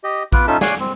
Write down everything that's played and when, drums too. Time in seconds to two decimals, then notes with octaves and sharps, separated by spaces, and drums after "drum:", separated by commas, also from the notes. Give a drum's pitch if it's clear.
0.04 G4 D#5
0.32 B3 F4 B4 D6, drum: kick A#1, tambourine
0.48 C#4 D#4 F4 A4 E5 A5
0.61 C#5 D5 F5 F#5 G#5 D6, drum: snare
0.80 C4